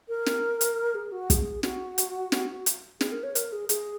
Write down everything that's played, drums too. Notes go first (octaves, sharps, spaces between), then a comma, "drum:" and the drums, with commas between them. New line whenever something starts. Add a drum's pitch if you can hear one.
A#4
drum: snare
drum: hi-hat
G#4
F#4
G#4, drum: kick, hi-hat
F#4, drum: snare
drum: hi-hat
drum: snare
drum: hi-hat
G#4, drum: snare
A#4
C#5
A#4, drum: hi-hat
G#4
G#4, drum: hi-hat